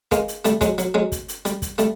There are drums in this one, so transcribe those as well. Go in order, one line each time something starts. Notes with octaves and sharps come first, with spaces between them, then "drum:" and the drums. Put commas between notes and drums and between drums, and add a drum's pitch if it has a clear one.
G#3 A#3, drum: kick, hi-hat
drum: hi-hat
G3 A3, drum: hi-hat
F#3 G#3, drum: kick, hi-hat
F#3, drum: hi-hat
F#3 G#3
drum: kick, hi-hat
drum: hi-hat
G3, drum: hi-hat
drum: kick, hi-hat
G3 A3, drum: hi-hat